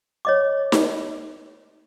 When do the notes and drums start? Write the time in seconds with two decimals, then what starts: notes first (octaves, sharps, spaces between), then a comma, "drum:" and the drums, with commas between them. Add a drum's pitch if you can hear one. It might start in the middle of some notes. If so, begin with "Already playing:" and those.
0.25 C#5 D#5 D6
0.72 drum: snare D#4